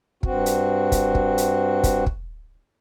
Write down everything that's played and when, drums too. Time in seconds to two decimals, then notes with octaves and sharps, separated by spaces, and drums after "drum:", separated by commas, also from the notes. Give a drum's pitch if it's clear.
0.23 G2 C4 F#4, drum: kick
0.46 drum: hi-hat
0.92 drum: kick, hi-hat
1.15 drum: kick
1.38 drum: hi-hat
1.83 drum: kick, hi-hat
2.06 drum: kick